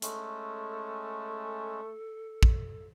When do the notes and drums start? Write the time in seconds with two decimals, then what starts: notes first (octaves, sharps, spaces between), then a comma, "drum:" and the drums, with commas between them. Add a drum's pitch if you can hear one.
0.02 G#3 A3 C#4 A4, drum: hi-hat
2.43 drum: kick